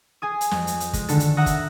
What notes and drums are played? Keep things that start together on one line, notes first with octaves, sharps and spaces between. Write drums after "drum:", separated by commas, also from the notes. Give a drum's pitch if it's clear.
G#4 G#5 D#6
drum: hi-hat
F2, drum: snare
drum: hi-hat
drum: hi-hat
G#3, drum: kick, hi-hat
D3 D#3 A4, drum: hi-hat
drum: hi-hat
E5 F#5 A#5 D#6 C#7
drum: kick, hi-hat